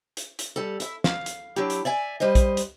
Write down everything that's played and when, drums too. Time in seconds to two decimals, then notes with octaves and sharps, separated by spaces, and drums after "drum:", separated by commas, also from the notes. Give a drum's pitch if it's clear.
0.17 drum: hi-hat
0.39 drum: hi-hat
0.56 G3 A4
0.80 E4 E5, drum: hi-hat
1.04 F5, drum: snare
1.26 drum: hi-hat
1.56 F#3 D4 E4 G4
1.70 drum: hi-hat
1.85 D5 E5 G#5
2.20 G3 B4 C5 D#5
2.35 drum: kick, hi-hat
2.57 drum: hi-hat